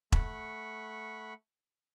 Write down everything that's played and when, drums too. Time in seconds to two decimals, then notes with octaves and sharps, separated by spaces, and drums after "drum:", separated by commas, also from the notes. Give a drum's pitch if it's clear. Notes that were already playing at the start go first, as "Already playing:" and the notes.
0.12 A3 F#5 B5 C#6, drum: kick E1